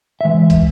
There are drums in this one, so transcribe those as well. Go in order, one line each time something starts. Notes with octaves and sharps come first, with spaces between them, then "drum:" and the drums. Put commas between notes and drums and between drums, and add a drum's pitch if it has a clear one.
E5
E3 G#3
drum: kick, hi-hat